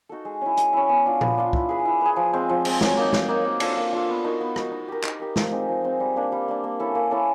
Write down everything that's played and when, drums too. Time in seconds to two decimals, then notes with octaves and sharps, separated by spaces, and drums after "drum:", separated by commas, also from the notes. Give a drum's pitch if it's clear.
0.09 D#4 F#4 A4
0.25 G#3
0.41 C#4 E4
0.57 G#3, drum: hi-hat
0.73 C#4 E4
0.89 B3
1.06 D4 F4
1.21 B3, drum: tom A#2
1.38 D4 F4
1.53 E4, drum: kick
1.69 G#4 B4
1.85 E4
2.01 G#4 B4
2.16 F3
2.33 G#3 C4
2.49 F3
2.65 G#3 C4, drum: cymbal
2.81 F#3, drum: snare
2.97 A#3 D#4
3.13 F#3, drum: snare
3.28 A#3 D#4
3.45 A#3
3.60 D4 F4 A4, drum: cymbal
3.77 A#3
3.92 D4 F4 A4
4.09 B3
4.24 D#4 F#4 A#4
4.41 B3
4.56 D#4 F#4 A#4, drum: rim click
4.72 D#4
4.88 G4 A#4
5.04 D#4, drum: clap
5.19 G4 A#4
5.36 F3, drum: snare
5.52 G#3 C4 D#4
5.68 F3
5.84 G#3 C4 D#4
6.00 G3
6.16 A#3 D4
6.32 G3
6.48 A#3 D4
6.64 A#3
6.79 C#4 E4 A4
6.95 A#3
7.11 C#4 E4 A4